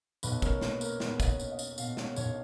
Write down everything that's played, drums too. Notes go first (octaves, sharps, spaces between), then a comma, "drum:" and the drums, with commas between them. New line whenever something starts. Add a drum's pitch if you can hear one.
B1 B4, drum: tambourine
C#4 A#4, drum: kick, tambourine
A#3 B4, drum: snare
A#3 A#4, drum: tambourine
B2 B4, drum: snare
B1 D#5, drum: kick, tambourine
C#5
C#4, drum: tambourine
D#5
C#4, drum: tambourine
B2 F5, drum: tambourine
C#4, drum: snare
B1 C#5, drum: tambourine